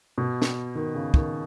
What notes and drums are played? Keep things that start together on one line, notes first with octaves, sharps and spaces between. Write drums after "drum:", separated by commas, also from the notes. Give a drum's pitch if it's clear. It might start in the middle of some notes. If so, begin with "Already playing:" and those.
B2
drum: snare
D#3
C#3
D#3, drum: kick